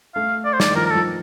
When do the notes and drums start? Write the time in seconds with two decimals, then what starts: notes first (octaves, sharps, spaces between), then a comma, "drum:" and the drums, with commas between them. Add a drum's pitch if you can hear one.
0.15 A3 F5
0.45 D5
0.53 C5
0.60 D5, drum: snare
0.70 D#3
0.75 F3 A#4
0.86 A#4
0.90 F3 A4